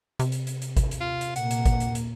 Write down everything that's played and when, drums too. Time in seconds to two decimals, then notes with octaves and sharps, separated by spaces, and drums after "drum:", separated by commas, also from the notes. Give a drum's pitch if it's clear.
0.19 C3, drum: hi-hat
0.32 drum: hi-hat
0.47 drum: hi-hat
0.62 drum: hi-hat
0.77 drum: kick G#1, hi-hat
0.91 drum: hi-hat
1.01 F4
1.21 drum: hi-hat
1.36 A#2 A#3 F#5, drum: hi-hat
1.51 drum: hi-hat
1.65 drum: kick G#1, hi-hat
1.80 drum: hi-hat
1.95 drum: hi-hat